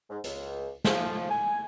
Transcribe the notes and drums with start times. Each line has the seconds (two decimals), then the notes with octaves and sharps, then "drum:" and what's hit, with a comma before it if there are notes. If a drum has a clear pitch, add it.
0.10 G#2
0.24 C#2, drum: hi-hat
0.85 F3, drum: snare
1.30 G#5